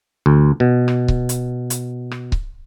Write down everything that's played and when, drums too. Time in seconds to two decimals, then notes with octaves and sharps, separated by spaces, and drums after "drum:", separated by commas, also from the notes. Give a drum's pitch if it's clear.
0.26 D2
0.60 B2
0.88 drum: rim click
1.08 drum: kick C#1
1.29 drum: hi-hat
1.70 drum: hi-hat
2.11 drum: rim click
2.32 drum: kick C#1